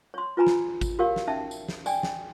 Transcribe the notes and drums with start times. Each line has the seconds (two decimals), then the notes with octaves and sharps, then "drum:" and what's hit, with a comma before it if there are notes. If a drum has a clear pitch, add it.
0.14 C#5 C6
0.37 F4 B4 G#5 A#5 B5
0.47 drum: snare
0.81 drum: kick G#1, tambourine
0.99 F#4 G4 A#4 C#5 F5
1.16 drum: snare
1.27 C#4 D#4 E5 A5
1.51 drum: tambourine
1.69 drum: snare
1.86 D5 G5 G#5, drum: tambourine
2.03 drum: snare